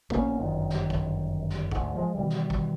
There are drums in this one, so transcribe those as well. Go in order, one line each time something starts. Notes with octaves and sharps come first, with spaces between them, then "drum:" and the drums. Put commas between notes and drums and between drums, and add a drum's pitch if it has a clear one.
A#1 A#3 B3 C#4, drum: kick
G1 F#2 D#3
drum: snare
drum: kick
drum: snare
D2 G#2, drum: kick
F3 G#3
B2 D#3 E3 G3
drum: snare
drum: kick